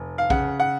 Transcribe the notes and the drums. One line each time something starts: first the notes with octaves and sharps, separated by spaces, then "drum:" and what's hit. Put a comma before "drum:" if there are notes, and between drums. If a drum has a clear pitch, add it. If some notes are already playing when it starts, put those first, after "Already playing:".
Already playing: F1
F5
C#3 F#5, drum: kick B1
F#5